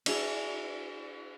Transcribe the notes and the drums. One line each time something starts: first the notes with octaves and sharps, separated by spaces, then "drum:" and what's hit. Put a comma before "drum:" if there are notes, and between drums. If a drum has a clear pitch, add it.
D4 E4 F#4 G#4, drum: cymbal